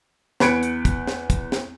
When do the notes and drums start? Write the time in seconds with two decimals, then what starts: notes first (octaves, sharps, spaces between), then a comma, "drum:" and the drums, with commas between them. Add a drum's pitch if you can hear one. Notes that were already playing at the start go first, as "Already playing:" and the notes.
0.40 E2 B4 B5 G#6 C#7 D7, drum: snare
0.63 drum: hi-hat
0.85 drum: kick, hi-hat
1.07 drum: snare
1.30 drum: kick, hi-hat
1.52 drum: snare